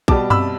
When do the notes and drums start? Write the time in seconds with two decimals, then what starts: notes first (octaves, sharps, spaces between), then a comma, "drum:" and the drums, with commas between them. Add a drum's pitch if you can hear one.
0.08 B2 G3 A5 D6, drum: kick
0.30 B5 E6, drum: tom F#2